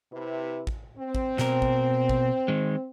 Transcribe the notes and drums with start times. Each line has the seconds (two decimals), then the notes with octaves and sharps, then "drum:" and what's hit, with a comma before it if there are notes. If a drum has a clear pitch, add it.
0.12 C3 E4 B4
0.67 drum: kick
0.98 C4
1.15 drum: kick
1.38 B2 A#4, drum: snare
1.62 drum: kick
2.09 drum: kick
2.48 D#3 G#3